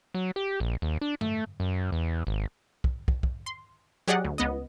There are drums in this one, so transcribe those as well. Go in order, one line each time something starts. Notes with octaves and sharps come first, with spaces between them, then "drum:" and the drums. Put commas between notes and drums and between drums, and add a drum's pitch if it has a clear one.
F#3
G4
A#1
D#2
D4
A3, drum: tom F#2
F#2
E2
G#1
drum: kick
drum: kick
drum: kick
C6
F#3 G4 G#4 D5 D#5 F#5
D2
C#2 B3 D#5